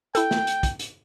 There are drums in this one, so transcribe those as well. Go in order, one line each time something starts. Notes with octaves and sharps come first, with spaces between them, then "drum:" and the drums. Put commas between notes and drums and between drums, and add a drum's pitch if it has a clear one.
E4 A4 G5, drum: hi-hat
drum: snare
drum: hi-hat
drum: kick, hi-hat
drum: hi-hat